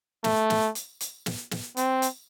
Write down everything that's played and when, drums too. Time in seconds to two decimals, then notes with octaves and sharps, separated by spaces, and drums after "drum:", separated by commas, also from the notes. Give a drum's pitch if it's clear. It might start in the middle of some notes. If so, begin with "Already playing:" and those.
0.24 A3, drum: snare
0.50 drum: snare
0.75 drum: hi-hat
1.01 drum: hi-hat
1.26 drum: snare
1.51 drum: snare
1.77 C4, drum: hi-hat
2.02 drum: hi-hat